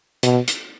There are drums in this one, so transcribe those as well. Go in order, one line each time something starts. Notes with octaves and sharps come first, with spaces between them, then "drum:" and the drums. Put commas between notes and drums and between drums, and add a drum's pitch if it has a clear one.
B2, drum: hi-hat
drum: hi-hat